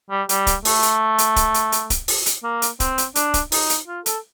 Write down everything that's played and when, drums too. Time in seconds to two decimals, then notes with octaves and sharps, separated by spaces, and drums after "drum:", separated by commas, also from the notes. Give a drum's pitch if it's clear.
0.11 G3
0.29 G3, drum: hi-hat
0.47 drum: kick, hi-hat
0.65 A3, drum: open hi-hat
0.83 drum: hi-hat
1.18 drum: hi-hat
1.36 drum: kick, hi-hat
1.54 drum: hi-hat
1.72 drum: hi-hat
1.90 drum: kick, hi-hat
2.08 drum: open hi-hat
2.26 drum: hi-hat
2.43 A#3
2.62 drum: hi-hat
2.80 C4, drum: kick, hi-hat
2.98 drum: hi-hat
3.15 D4, drum: hi-hat
3.34 drum: kick, hi-hat
3.52 D#4, drum: open hi-hat
3.70 drum: hi-hat
3.88 F4
4.06 A4, drum: hi-hat